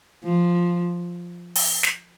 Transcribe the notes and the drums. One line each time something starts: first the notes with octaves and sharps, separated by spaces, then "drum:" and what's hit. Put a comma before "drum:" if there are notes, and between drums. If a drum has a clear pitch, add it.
F3
drum: open hi-hat
drum: snare